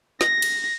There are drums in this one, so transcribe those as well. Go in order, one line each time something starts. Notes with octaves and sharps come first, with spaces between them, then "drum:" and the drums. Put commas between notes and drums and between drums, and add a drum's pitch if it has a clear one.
A#6, drum: snare
drum: cymbal